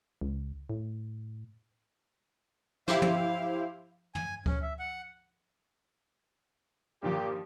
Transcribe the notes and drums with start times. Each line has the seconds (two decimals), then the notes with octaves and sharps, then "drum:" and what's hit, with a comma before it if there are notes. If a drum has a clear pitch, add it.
0.21 C#2
0.70 A2
2.88 E4 G4 C5 F5, drum: snare
3.02 drum: tom
4.15 G#5, drum: tom
4.46 C#4, drum: kick D2
4.62 E5
4.79 F#5
7.03 G2 A#2 D#3 F3 G4